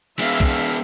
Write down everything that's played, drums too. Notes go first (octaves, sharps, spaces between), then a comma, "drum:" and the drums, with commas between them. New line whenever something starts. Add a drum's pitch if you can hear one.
G#3 B3 E5 F5, drum: cymbal
drum: kick B1, cymbal